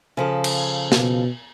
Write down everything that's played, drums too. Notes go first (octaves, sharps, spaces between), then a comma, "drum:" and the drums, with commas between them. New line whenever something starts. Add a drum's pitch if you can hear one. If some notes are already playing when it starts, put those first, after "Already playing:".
C#3 F3 A4
drum: cymbal
B2, drum: snare